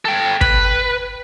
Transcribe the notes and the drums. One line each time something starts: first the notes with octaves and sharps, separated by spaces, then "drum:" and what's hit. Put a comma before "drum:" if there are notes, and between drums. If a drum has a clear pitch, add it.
A4 G5
B4, drum: kick